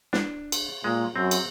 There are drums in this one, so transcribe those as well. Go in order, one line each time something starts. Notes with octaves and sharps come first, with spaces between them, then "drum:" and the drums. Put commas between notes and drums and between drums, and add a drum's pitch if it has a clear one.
D4, drum: snare
drum: cymbal
A#2 G#3
F#2 C4
drum: cymbal